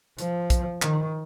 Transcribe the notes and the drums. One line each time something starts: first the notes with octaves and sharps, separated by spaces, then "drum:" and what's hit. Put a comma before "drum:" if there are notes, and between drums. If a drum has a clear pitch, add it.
F3, drum: hi-hat
drum: kick, hi-hat
D#3, drum: clap